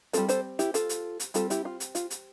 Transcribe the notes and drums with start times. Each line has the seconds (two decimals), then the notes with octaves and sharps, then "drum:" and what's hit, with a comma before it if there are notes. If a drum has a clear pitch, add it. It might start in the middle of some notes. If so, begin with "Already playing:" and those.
0.13 G3 C4 F4 A4, drum: hi-hat
0.29 A4 C5, drum: hi-hat
0.59 E4 G4, drum: hi-hat
0.74 F4 A4, drum: hi-hat
0.89 drum: hi-hat
1.20 drum: hi-hat
1.34 G3 C4 F4 A4, drum: hi-hat
1.50 E4 G4, drum: hi-hat
1.65 F4
1.80 drum: hi-hat
1.95 F4, drum: hi-hat
2.10 drum: hi-hat